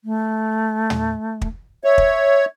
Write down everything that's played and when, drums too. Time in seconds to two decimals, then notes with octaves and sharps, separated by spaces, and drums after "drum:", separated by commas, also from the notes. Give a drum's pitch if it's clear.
0.04 A3
0.90 drum: tom
1.41 drum: kick
1.84 C#5 E5
1.98 drum: kick